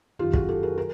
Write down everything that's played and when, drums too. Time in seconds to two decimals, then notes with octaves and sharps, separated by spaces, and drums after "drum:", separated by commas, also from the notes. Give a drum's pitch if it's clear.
0.19 F#2 D#3 F4 G4
0.33 F#4 G#4, drum: kick
0.49 G4 A4
0.63 G#4 A#4
0.78 G#4 A#4